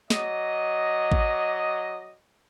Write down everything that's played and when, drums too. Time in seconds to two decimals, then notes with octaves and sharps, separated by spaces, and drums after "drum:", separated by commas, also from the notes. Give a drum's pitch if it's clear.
0.10 F#3 D5 D#5, drum: snare
1.12 drum: kick